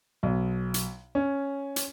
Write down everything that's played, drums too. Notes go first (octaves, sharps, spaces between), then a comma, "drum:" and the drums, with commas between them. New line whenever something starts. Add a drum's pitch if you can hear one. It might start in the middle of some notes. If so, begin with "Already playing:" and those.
B1
drum: hi-hat
C#4
drum: hi-hat